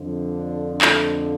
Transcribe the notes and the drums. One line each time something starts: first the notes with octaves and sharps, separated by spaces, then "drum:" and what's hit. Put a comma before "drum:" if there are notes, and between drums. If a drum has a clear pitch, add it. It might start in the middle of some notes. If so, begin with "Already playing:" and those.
Already playing: F2 D3 F3
D4
A3, drum: clap